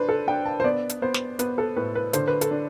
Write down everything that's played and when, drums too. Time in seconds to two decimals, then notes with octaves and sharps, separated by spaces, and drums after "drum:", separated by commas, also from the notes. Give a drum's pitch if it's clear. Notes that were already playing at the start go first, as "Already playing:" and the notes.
Already playing: D4 B4 C5
0.09 A4
0.27 D4 G5
0.45 A5
0.60 C5
0.64 B3 D5
0.89 drum: hi-hat
1.02 B3 C5
1.14 drum: snare
1.39 B3 B4, drum: hi-hat
1.58 A4
1.76 A2 B4
1.95 B4
2.13 D3 C5, drum: hi-hat
2.28 B4
2.41 A4, drum: hi-hat
2.51 D4